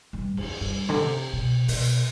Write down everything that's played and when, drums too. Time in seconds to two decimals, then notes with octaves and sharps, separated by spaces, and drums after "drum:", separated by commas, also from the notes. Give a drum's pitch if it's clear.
0.13 G2
0.37 F2, drum: cymbal
0.61 G2
0.89 D3
0.97 C3
1.33 B2
1.68 B2, drum: open hi-hat